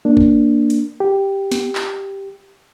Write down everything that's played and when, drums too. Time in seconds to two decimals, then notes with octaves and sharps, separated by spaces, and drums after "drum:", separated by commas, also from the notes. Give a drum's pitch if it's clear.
0.05 A#3 D4
0.17 drum: kick G1
0.70 drum: hi-hat
1.00 G4
1.52 drum: snare
1.75 drum: clap